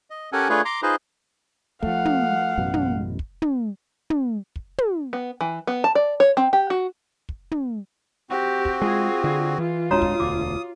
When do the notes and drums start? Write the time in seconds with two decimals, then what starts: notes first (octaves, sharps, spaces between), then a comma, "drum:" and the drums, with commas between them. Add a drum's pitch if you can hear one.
0.10 D#5
0.33 C#4 G4 A4 A#4 F#5 G#5
0.49 A3 D4 F4 G#4 B4 C#5
0.65 A#5 C6 D6
0.83 D#4 F4 G#4 B4 C5 D#5
1.83 F3 A3 F5 F#5, drum: kick
2.05 drum: tom
2.58 A1 F#2 B2
2.74 drum: tom
3.19 drum: kick
3.42 drum: tom
4.10 drum: tom
4.56 drum: kick
4.78 drum: tom
5.13 B3
5.41 E3
5.67 B3
5.84 A5
5.95 D5
6.20 C#5
6.37 C4
6.53 G4
6.70 F#4
7.29 drum: kick
7.51 drum: tom
8.30 C4 F#4 G4
8.65 drum: kick
8.82 G#3 F4 G#4
9.24 D3
9.58 E3 F4
9.91 D1 G#3 D4 F#4 C#5 A#5 D#6
10.02 drum: kick
10.20 E1 D2 D6